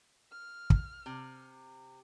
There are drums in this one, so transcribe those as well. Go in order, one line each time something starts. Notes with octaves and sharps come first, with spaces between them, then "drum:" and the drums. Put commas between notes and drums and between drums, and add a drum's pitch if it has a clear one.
F6
drum: kick
C3